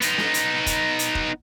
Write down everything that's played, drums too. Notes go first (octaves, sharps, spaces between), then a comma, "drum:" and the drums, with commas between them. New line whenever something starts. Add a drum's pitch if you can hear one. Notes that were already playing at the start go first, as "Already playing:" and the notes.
B3 D#4, drum: hi-hat
drum: snare
drum: hi-hat
drum: kick F1, hi-hat
drum: hi-hat
drum: kick F1